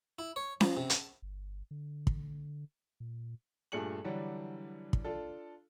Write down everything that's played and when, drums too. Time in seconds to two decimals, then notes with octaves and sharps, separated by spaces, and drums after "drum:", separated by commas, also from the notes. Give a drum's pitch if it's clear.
0.19 E4
0.36 C#5
0.61 F3, drum: snare C#4
0.77 C3
0.90 A5, drum: hi-hat
1.22 G1
1.71 D3
2.07 drum: kick
3.00 A#2
3.72 G2 A#2 A3 G#4 C#7 F#7
4.04 D3 E3 F#3 G3 D4
4.93 drum: kick
5.04 D4 F4 A4